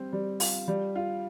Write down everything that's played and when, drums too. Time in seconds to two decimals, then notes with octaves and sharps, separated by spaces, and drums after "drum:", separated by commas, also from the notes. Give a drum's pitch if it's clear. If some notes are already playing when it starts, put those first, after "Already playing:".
Already playing: G3 C4
0.13 G3
0.40 F4, drum: open hi-hat
0.68 G3
0.96 F4